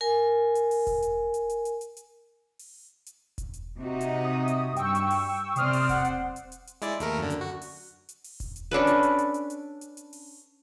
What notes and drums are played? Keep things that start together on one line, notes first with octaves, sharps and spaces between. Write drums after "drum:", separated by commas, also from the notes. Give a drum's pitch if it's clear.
A#4 G#5
drum: hi-hat
drum: open hi-hat
drum: kick E1, hi-hat
drum: hi-hat
drum: hi-hat
drum: hi-hat
drum: hi-hat
drum: hi-hat
drum: hi-hat
drum: open hi-hat
drum: hi-hat
drum: kick E1, hi-hat
drum: hi-hat
C3 D#4 F#4
drum: hi-hat
D#6
drum: hi-hat
G2 G5 C#6 E6, drum: hi-hat
drum: hi-hat
drum: open hi-hat
C3 C4 C5 D5 D#6 F6, drum: hi-hat
drum: open hi-hat
F#5, drum: kick E1, hi-hat
drum: hi-hat
drum: hi-hat
drum: hi-hat
drum: hi-hat
G#3 E4 D5, drum: hi-hat
D#2 A3 A#4, drum: hi-hat
F#2 D3
drum: hi-hat
F#4
drum: open hi-hat
drum: hi-hat
drum: open hi-hat
drum: kick E1, hi-hat
drum: hi-hat
C#4 D4 A4 B4
drum: hi-hat
drum: hi-hat
drum: hi-hat
drum: hi-hat
drum: hi-hat
drum: hi-hat
drum: hi-hat
drum: open hi-hat